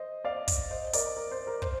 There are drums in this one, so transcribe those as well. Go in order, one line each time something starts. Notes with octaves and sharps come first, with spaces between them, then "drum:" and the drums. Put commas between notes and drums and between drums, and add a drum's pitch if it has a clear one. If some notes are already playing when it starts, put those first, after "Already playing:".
Already playing: C5 D#5
D5 F5
drum: kick, hi-hat
C5 D#5
A#4 D5, drum: hi-hat
A#4
C5
A#4
C5, drum: kick